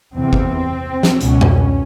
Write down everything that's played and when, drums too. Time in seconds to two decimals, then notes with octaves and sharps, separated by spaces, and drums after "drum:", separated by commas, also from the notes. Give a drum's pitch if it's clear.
0.15 E2 C3 C4
0.33 drum: kick G1
1.03 drum: snare
1.21 C#2 B2 C#4, drum: hi-hat
1.41 drum: tom F2